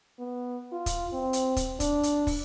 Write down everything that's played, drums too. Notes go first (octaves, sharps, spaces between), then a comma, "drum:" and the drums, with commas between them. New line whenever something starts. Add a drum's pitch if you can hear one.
B3
F4
drum: kick, hi-hat
C4
drum: hi-hat
drum: kick, hi-hat
D4, drum: kick, hi-hat
drum: hi-hat
drum: kick, open hi-hat